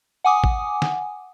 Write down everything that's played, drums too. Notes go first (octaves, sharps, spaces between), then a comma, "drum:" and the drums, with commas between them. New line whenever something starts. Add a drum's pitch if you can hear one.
F#5 G#5 D6 D#6
drum: kick
drum: snare